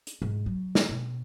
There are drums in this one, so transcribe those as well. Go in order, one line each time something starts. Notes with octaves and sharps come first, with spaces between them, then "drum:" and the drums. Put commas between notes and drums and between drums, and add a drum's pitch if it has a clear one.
drum: hi-hat
G#2
F#3
drum: snare
B2